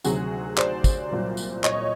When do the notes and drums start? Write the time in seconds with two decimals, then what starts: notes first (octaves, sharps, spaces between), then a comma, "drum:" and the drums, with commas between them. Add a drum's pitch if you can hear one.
0.04 D2 C3 D#3 F#3 F#4 G#4, drum: tambourine
0.58 C5 D5, drum: clap
0.84 drum: kick, tambourine
1.11 C2 A#2 F#3
1.37 drum: tambourine
1.64 C#5 D#5, drum: clap